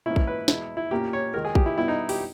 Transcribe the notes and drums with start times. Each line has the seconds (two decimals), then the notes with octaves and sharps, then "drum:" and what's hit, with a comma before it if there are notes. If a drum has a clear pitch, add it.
0.06 G#2 E3 A#3 C#4 E4
0.16 drum: kick A#1
0.27 B4
0.48 E2 B2 G#3 E4, drum: snare
0.77 E4
0.91 A#2 A#3 C#4 G4
1.13 C#5
1.34 D#2 D#3 G#3 A#4
1.45 G#4
1.55 G4, drum: kick A#1
1.66 E4
1.78 B2 G3 B3 E4
1.88 D#4
2.09 G4, drum: open hi-hat